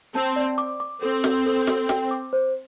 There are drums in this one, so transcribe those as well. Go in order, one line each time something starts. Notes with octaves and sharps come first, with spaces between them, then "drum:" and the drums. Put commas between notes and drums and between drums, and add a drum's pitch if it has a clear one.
C4 A5
D5
D6
D6
C4 A4
A4, drum: snare
A4
A4, drum: snare
G5, drum: snare
D6
C5